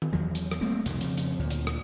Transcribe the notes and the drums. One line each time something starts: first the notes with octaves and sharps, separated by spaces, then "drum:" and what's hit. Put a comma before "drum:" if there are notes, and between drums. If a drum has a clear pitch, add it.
drum: tom D#3
E2 D#3 F#3
drum: hi-hat
drum: rim click
G3 A3 A#3 C4
C2 F2 B2 D#3, drum: hi-hat
F2 C#3, drum: hi-hat
drum: hi-hat
D2 A#2
drum: hi-hat
drum: rim click